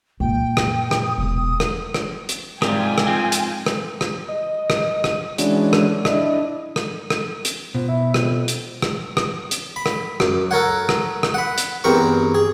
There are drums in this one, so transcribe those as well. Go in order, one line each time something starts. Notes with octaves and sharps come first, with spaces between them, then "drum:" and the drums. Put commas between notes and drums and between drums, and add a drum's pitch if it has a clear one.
F#2 A#2 G5
drum: rim click
drum: rim click
D#6
E1 D#6
drum: rim click
drum: rim click
drum: hi-hat
G#2 C3 G3 F4 G5 G#5, drum: rim click
drum: rim click
F3 C4
drum: hi-hat
drum: rim click
drum: rim click
D#5
drum: rim click
drum: rim click
E3 G#3 C#4 D4 F#4, drum: hi-hat
drum: rim click
D4 E4 D#5, drum: rim click
drum: rim click
drum: rim click
drum: hi-hat
B2 F3
E4
F2, drum: rim click
drum: hi-hat
drum: rim click
drum: rim click
drum: hi-hat
B5
drum: rim click
F#2, drum: rim click
A4 A#4 C#5 F#5
drum: rim click
drum: rim click
F#5 B5
drum: hi-hat
E2 G2 C4 A#4 C#6
G#4